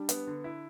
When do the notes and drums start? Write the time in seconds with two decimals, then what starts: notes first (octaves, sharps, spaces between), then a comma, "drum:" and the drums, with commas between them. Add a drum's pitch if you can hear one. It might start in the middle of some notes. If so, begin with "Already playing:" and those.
Already playing: G3 D4
0.09 B3, drum: hi-hat
0.27 D3
0.44 E4